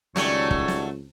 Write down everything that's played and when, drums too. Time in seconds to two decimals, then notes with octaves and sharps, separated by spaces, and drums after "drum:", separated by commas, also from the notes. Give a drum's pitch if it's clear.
0.16 C#2 D#3 F#3 G3 A3 C#4 C#5, drum: snare
0.51 drum: kick
0.68 drum: snare